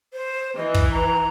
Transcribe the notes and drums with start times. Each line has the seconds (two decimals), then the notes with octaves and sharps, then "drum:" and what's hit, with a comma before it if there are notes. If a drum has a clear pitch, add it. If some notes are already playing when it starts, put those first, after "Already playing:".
0.13 C5
0.56 E3 D#5
0.74 drum: kick
0.91 A#5